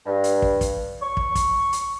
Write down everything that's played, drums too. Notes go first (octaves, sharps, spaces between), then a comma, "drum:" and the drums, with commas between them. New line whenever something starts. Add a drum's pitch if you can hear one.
G2
drum: hi-hat
drum: kick
drum: kick, hi-hat
C#6
drum: kick
drum: kick, hi-hat
drum: hi-hat